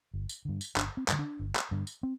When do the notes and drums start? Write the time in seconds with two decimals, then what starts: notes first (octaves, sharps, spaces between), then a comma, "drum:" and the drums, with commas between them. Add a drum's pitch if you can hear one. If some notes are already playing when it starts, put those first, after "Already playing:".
0.14 G1
0.29 drum: tambourine
0.45 G2 D3
0.61 drum: tambourine
0.76 G1 D4, drum: clap
0.97 C4
1.08 G2 D3, drum: clap
1.19 D4
1.39 G1
1.55 drum: clap
1.71 G2 D3
1.87 drum: tambourine
2.03 C4